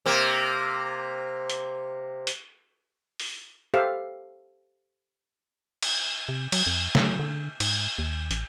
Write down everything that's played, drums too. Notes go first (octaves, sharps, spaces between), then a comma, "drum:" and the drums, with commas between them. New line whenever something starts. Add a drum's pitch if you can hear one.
C3 A#3
drum: hi-hat
drum: hi-hat
drum: open hi-hat
G4 A4 C5 E5 F5
drum: cymbal
C3
F#3, drum: cymbal
F2
F#3, drum: snare
D3
G#2, drum: cymbal
D#2
A1, drum: hi-hat